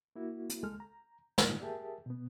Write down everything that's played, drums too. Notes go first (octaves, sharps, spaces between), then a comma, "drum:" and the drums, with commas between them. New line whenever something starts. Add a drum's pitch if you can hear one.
A#3 E4 F#4
drum: hi-hat
C#2 G#3 A4 F6
A#5
A2 D3 G3 G#3 D#4 F4, drum: snare
G4 G#4 A#4 E5 A5
B2 B3